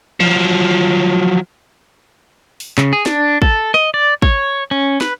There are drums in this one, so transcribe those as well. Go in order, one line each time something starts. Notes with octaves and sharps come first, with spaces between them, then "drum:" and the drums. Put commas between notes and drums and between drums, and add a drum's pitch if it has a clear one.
F3 F#3, drum: tom E3
drum: open hi-hat
C#3, drum: clap
G#4
D4, drum: snare
A4, drum: kick
D#5, drum: rim click
D5
C#5, drum: kick
C#4
B4, drum: snare